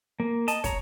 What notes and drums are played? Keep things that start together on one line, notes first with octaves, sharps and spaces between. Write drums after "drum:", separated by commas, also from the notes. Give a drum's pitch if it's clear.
A#3
D#5 A5, drum: hi-hat
C#5 A#5, drum: kick, hi-hat